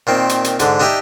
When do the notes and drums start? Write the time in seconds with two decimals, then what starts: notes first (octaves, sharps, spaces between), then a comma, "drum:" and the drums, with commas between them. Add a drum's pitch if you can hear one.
0.07 A#2 D#3 C4
0.29 drum: hi-hat
0.44 drum: hi-hat
0.59 G#2 D3, drum: hi-hat
0.80 D4 D#4 G4 E5 G5